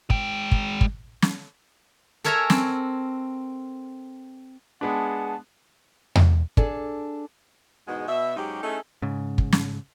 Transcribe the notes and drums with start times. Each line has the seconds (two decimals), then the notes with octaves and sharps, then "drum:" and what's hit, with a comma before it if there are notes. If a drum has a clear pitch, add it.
0.10 G#3 G5, drum: kick
0.52 drum: kick
0.81 drum: kick
1.22 drum: snare
2.24 A4 A#4 C#5 E5 G#5 A#5
2.50 C4, drum: snare
4.81 G#3 B3 D4 G#4 F#5 A5
6.15 drum: tom E2
6.57 D4 G#4 A4 D5, drum: kick
7.88 E2 G#2 B2 G#3 D#4 F#4
8.08 B2 E5
8.36 G#2 F#3 C#4 D#4 G4
8.63 A3 C#4 D#4 E4 G#4 A4
9.02 G#2 C#3
9.38 drum: kick
9.52 drum: snare